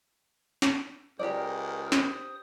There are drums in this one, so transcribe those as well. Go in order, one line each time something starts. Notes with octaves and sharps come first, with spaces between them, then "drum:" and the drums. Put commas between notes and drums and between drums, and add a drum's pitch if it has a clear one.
drum: snare
C#2 G4 A#4 C5 D5 D#6
drum: snare